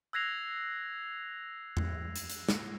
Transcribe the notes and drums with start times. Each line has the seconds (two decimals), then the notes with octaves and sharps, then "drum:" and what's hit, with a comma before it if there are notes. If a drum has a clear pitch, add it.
0.13 E6 F#6 G#6 A#6 C7 F7
1.77 drum: tom E2
2.16 drum: hi-hat
2.30 drum: hi-hat
2.49 drum: snare